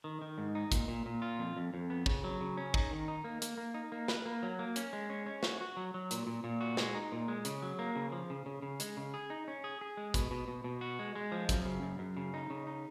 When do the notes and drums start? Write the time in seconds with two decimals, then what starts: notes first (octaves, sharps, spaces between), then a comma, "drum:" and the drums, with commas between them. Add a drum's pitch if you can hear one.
0.04 D#3
0.22 D#3
0.38 G#2
0.55 D#4
0.72 A#2, drum: kick, hi-hat
0.88 A#2
1.06 A#2
1.22 F4
1.39 F2
1.57 F2
1.74 F2
1.90 B3
2.06 C#3, drum: kick
2.24 F#3
2.41 C#3
2.57 C#4
2.74 D#4, drum: kick
2.91 D#3
3.08 D#4
3.24 A#3
3.42 A#3, drum: hi-hat
3.58 A#3
3.74 D#4
3.92 A#3
4.08 B4, drum: snare
4.26 A#3
4.43 F#3
4.59 A#3
4.76 C#4, drum: hi-hat
4.93 G#3
5.10 C#4
5.26 C#4
5.43 F#4, drum: snare
5.61 F#4
5.77 F#3
5.94 F#3
6.11 A#2, drum: hi-hat
6.27 A#2
6.44 A#2
6.61 F#4
6.77 G#3, drum: snare
6.95 D#4
7.12 A#2
7.28 G#3
7.45 C#3, drum: hi-hat
7.62 F#3
7.79 A#3
7.96 C#3
8.12 F3
8.30 C#3
8.46 C#3
8.62 C#3
8.80 G#3, drum: hi-hat
8.97 C#3
9.14 G#4
9.30 D#4
9.48 C#4
9.64 G#4
9.81 G#4
9.97 G#3
10.14 B2, drum: kick, hi-hat
10.31 B2
10.48 B2
10.64 B2
10.81 F#4
10.99 G#3
11.15 G#3
11.32 F3
11.49 F#2, drum: kick, hi-hat
11.65 C#3
11.82 F#2
11.99 F#2
12.17 C#3
12.34 D#4
12.50 C#3
12.67 D#4